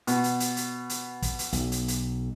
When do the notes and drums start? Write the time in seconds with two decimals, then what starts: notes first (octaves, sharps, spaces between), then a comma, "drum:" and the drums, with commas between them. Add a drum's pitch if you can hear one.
0.07 B2, drum: hi-hat
0.24 drum: hi-hat
0.40 drum: hi-hat
0.57 drum: hi-hat
0.90 drum: hi-hat
1.22 drum: kick, hi-hat
1.39 drum: hi-hat
1.52 B1, drum: hi-hat
1.72 drum: hi-hat
1.88 drum: hi-hat